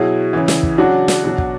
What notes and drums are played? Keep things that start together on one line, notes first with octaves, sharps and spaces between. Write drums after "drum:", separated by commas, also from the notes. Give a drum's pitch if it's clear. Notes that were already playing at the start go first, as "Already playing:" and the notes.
Already playing: B2 F#3 E4 G#4
C#3 E3
drum: snare
drum: kick
C#3 F#3 D4 F#4
drum: snare
B2 F#3
drum: kick